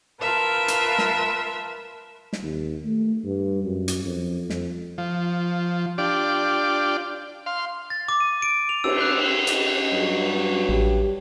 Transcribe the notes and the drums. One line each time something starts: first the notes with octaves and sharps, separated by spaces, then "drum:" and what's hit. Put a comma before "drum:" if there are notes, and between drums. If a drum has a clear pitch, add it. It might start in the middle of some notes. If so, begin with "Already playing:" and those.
F4 A#4 B4 E5 A5
drum: hi-hat
drum: snare
drum: snare
D#2
A3
G2
F#2
drum: hi-hat
F2
F2, drum: snare
F3
D4 F4 G4 D5
F5 C6
A6
D6
D#7
D7
F7
E6, drum: cymbal
F#6
C#4 G#4 D#5, drum: hi-hat
G2 F#3
A1 G4